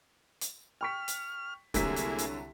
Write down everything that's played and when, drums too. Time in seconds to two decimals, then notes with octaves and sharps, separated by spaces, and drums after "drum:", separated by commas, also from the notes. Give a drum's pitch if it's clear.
0.41 drum: hi-hat
0.81 G5 C#6 F6 B6
1.08 drum: hi-hat
1.74 C2 D3 F#3 A3 A#3 E4 G#4 B6, drum: kick, hi-hat
1.96 drum: hi-hat
2.18 drum: hi-hat